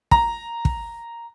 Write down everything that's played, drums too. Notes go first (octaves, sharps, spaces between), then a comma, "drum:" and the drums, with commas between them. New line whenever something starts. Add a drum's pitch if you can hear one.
A#5, drum: kick
drum: kick